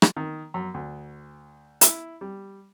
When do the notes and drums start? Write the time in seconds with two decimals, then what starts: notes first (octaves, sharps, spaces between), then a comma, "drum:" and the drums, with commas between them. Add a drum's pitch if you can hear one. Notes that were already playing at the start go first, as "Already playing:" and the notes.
0.02 drum: rim click
0.17 D#3
0.54 F#2
0.74 D2
1.81 E4, drum: hi-hat
2.21 G3